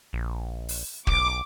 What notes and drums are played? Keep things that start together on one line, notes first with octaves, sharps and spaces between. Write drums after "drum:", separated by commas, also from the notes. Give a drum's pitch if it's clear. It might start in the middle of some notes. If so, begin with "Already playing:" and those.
A#1
drum: open hi-hat
B1 D6, drum: kick